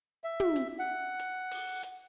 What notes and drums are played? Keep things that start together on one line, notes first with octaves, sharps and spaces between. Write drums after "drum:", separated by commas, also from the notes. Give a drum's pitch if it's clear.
E5
drum: tom
drum: hi-hat
F#5
drum: hi-hat
drum: open hi-hat
drum: hi-hat